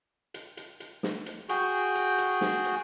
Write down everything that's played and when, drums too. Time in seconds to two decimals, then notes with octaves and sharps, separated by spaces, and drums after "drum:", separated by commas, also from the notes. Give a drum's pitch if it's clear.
0.34 drum: hi-hat
0.57 drum: hi-hat
0.80 drum: hi-hat
1.03 drum: snare
1.26 drum: hi-hat
1.49 F#4 G#4 G5, drum: hi-hat
1.95 drum: hi-hat
2.18 drum: hi-hat
2.41 drum: snare
2.64 drum: hi-hat